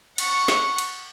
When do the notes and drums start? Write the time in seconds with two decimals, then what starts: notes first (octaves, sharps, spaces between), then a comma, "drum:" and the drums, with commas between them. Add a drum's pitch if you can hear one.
0.18 F#5 C#6, drum: cymbal
0.48 drum: snare
0.78 drum: cymbal